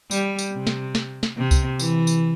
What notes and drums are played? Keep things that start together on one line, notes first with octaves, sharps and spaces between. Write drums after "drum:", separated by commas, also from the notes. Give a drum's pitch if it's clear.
G3, drum: tambourine
drum: tambourine
C3
drum: snare
drum: snare
drum: snare
C3
drum: kick C2, tambourine
E3, drum: tambourine
drum: tambourine